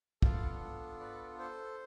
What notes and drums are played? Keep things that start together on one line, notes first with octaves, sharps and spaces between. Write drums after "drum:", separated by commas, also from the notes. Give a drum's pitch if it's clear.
B3 D4 F4 A4 D5 F5, drum: kick
B4 D5
A4 C5